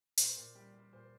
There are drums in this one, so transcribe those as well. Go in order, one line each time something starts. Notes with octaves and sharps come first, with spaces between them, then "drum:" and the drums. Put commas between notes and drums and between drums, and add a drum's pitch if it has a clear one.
A#2 C5, drum: hi-hat
A#2
G3
G3
A#2 C5